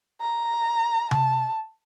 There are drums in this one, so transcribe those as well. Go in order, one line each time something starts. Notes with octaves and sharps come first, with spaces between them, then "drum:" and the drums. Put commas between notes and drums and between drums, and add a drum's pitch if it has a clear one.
A#5
A5, drum: tom C3